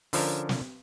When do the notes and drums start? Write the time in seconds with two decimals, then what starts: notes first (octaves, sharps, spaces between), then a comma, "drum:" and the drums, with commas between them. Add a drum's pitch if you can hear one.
0.13 D3 F3 C#4 D4 A#4, drum: open hi-hat
0.49 drum: snare